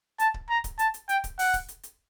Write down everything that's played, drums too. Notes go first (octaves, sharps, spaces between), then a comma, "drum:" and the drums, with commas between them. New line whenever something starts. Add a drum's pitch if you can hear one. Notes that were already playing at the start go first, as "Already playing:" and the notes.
A5, drum: hi-hat
drum: kick D1
A#5
drum: kick D1, hi-hat
A5, drum: hi-hat
drum: hi-hat
G5, drum: hi-hat
drum: kick D1, hi-hat
F#5, drum: open hi-hat
drum: kick D1, hi-hat
drum: hi-hat
drum: hi-hat